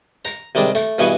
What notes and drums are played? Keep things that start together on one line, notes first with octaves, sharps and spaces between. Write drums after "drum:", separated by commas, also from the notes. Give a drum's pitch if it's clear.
A#5, drum: hi-hat
C3 D#3 G3 G#3 D4
A3, drum: hi-hat
G2 B2 E3 G#4 B4 C#6, drum: hi-hat